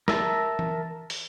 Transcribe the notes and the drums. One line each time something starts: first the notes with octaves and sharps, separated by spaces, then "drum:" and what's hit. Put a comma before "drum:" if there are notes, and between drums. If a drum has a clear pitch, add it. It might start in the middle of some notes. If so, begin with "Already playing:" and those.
A#4 E5 A5 A#5, drum: snare
drum: tom
drum: open hi-hat